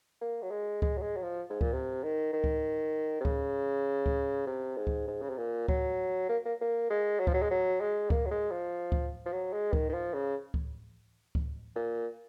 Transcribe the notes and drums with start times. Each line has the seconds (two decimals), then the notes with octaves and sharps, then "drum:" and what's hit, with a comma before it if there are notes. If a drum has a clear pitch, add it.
0.21 A#3
0.42 F#3
0.51 G#3
0.82 G#3, drum: kick C#2
0.97 F#3
1.02 G#3
1.16 F#3
1.22 F3
1.50 G#2
1.61 A#2, drum: kick C#2
1.73 C3
2.04 D#3
2.33 D#3
2.44 drum: kick C#2
3.21 C3
3.25 C#3, drum: kick C#2
4.06 drum: kick C#2
4.47 C3
4.77 G#2
4.87 drum: kick C#2
5.07 G#2
5.21 C#3
5.30 C3
5.37 A#2
5.68 F#3, drum: kick C#2
6.29 A#3
6.45 A#3
6.61 A#3
6.90 G#3
7.20 F#3
7.27 F3, drum: kick C#2
7.34 F#3
7.42 G#3
7.51 F#3
7.81 G#3
8.10 A#3, drum: kick C#2
8.25 F#3
8.31 G#3
8.51 F3
8.92 drum: kick C#2
9.26 F3
9.32 F#3
9.53 G#3
9.73 D#3, drum: kick C#2
9.89 D#3
9.93 F3
10.14 C#3
10.54 drum: kick C#2
11.35 drum: kick C#2
11.75 A#2